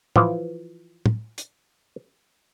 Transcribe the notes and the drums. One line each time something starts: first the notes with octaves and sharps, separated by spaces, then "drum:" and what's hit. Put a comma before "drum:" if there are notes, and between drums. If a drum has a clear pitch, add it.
E3 F3 E4, drum: tom
drum: tom
drum: hi-hat